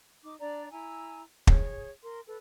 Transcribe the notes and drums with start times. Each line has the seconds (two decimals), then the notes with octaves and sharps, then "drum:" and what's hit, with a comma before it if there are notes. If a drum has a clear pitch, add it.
0.23 D#4 D6
0.39 D4 D5 A#5
0.71 E4 G#5 A#5 E6
1.47 G#4 C#5, drum: kick
2.03 A#4 C6
2.27 A4 B4